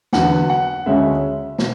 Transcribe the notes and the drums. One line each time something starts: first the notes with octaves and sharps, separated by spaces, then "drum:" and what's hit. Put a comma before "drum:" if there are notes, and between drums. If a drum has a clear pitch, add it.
E2 D3 F#3 B3 F#5, drum: snare
F#5
D2 C#3 G#3 C#4 E5
B2, drum: snare